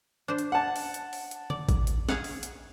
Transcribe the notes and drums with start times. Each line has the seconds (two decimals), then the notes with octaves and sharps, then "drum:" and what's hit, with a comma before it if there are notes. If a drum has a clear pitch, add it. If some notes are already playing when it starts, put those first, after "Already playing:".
0.28 D4 C5
0.38 drum: hi-hat
0.52 F#5 A5
0.76 drum: open hi-hat
0.94 drum: hi-hat
1.13 drum: open hi-hat
1.31 drum: hi-hat
1.50 D5, drum: tom C#3
1.69 drum: kick A1, hi-hat
1.87 drum: hi-hat
2.09 G#4 F5 F#5, drum: snare
2.24 drum: open hi-hat
2.43 drum: hi-hat